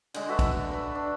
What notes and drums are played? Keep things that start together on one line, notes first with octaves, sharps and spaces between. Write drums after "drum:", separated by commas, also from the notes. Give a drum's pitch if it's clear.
D3 G#3, drum: cymbal
F#4 A4 B4 E5
drum: kick, cymbal
B4
D4